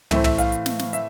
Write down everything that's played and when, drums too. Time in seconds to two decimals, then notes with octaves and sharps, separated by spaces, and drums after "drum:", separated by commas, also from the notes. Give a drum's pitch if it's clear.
0.11 A2 E3 A3 C4 E5, drum: tom
0.24 E5, drum: tom
0.38 F5, drum: hi-hat
0.52 drum: hi-hat
0.66 drum: snare
0.79 drum: snare
0.93 E5, drum: hi-hat